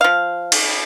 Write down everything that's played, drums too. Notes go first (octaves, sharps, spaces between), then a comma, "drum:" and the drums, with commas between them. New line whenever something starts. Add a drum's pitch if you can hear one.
F3 F5
drum: cymbal